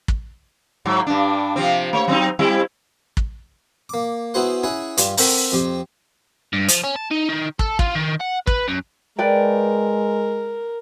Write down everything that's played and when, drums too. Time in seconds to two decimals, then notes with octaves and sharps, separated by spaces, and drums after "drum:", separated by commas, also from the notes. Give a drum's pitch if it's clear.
0.08 drum: kick
0.85 G#2 F#3
1.07 G2 D4
1.56 C3 F3 C4
1.93 A3 C#5
2.08 F#3 C4 D#4
2.39 G3 C4 E4
3.17 drum: kick
3.89 A#3 D6
4.34 B3 E4 F#4 G#4 C5 F#5
4.63 C#4 E4 G#4 F#5 G#5
4.97 G2 G3 F4 G#5, drum: hi-hat
5.17 C4 A4 A#4 F#5 G5 A#5, drum: open hi-hat
5.52 F2 C4 G4
6.53 G2
6.68 F3, drum: hi-hat
6.84 C#4
6.96 A5
7.11 D#4
7.29 D#3
7.59 A4, drum: kick
7.79 F4, drum: kick
7.95 D#3
8.21 F#5
8.47 B4, drum: kick
8.68 F#2
9.19 G#3 A#4 B4 D5 G5